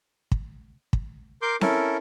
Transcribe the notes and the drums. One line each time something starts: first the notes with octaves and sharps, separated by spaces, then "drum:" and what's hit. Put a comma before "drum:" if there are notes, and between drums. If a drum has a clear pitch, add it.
drum: kick
drum: kick
A#4 C6 D6 G6
C#4 E4 A4 A#4, drum: snare C4